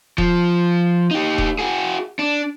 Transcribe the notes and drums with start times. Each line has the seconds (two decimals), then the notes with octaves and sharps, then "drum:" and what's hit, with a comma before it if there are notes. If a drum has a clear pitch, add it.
0.18 F3, drum: kick D#1
1.11 D#4 G4
1.38 drum: kick D#1
1.59 F#4 G#4
2.19 D4